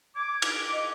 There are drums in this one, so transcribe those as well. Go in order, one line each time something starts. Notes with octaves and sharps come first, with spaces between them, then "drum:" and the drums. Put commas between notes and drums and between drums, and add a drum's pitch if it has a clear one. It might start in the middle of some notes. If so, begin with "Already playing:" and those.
D6 G#6
drum: cymbal
D#5